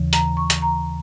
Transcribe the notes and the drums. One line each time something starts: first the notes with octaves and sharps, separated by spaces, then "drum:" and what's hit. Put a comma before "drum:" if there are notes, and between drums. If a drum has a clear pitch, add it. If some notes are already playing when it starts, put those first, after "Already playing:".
Already playing: D#2 C#3 E3
A#5, drum: hi-hat
C#6
drum: hi-hat
A#5